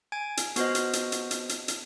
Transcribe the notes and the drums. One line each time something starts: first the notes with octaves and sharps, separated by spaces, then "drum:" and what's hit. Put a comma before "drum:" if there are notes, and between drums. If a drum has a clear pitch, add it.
G#5 G#6 D7
drum: hi-hat
B3 F#4 C5 D#5, drum: hi-hat
drum: hi-hat
drum: hi-hat
drum: hi-hat
drum: hi-hat
drum: hi-hat
drum: hi-hat